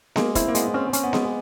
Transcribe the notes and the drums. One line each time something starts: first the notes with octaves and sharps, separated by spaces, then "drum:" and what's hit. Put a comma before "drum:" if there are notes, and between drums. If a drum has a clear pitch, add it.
G#3 A#3, drum: snare B3
C4 E4, drum: kick, hi-hat
A#3
G#3 B3, drum: hi-hat
C4 C#4
C#4, drum: hi-hat
B3
G#3, drum: snare B3